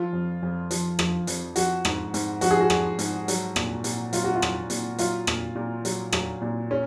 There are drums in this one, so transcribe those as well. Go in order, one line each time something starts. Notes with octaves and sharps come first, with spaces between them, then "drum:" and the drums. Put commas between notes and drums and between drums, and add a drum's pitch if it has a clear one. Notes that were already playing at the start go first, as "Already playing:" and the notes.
Already playing: F3 F4
F2
F2
F3, drum: hi-hat
F3, drum: rim click
F2, drum: hi-hat
F3 F#4, drum: hi-hat
G#2, drum: rim click
G#2, drum: hi-hat
F3 F#4, drum: hi-hat
G#4
F#4
F3, drum: rim click
G#2, drum: hi-hat
F#3, drum: hi-hat
A#2, drum: rim click
A#2, drum: hi-hat
F#3 F4, drum: hi-hat
F#4
F4
F#3, drum: rim click
A#2, drum: hi-hat
F#3 F4, drum: hi-hat
A#2, drum: rim click
A#2
F#3, drum: hi-hat
F#3, drum: rim click
A#2
C#4